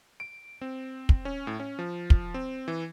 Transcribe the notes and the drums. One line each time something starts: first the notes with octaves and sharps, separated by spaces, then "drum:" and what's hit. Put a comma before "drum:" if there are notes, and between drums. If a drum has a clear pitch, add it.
D7
C4
drum: kick
C#4
A2
C#4
F3
drum: kick
C4
E3